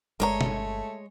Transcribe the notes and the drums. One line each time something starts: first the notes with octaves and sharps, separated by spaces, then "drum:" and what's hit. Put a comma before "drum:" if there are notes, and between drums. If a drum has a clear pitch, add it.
G1 G#3 A3 A#4 C#5 D5 A#5
drum: tom